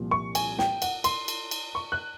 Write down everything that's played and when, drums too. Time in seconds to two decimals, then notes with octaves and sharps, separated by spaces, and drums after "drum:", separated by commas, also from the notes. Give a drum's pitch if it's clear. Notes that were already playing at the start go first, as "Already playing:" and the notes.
Already playing: C2 A#2 F3
0.11 C#6
0.35 G#5, drum: cymbal
0.59 G5, drum: snare
0.82 F#5, drum: cymbal
1.04 C6, drum: cymbal
1.28 drum: cymbal
1.51 drum: cymbal
1.75 C#6
1.92 F#6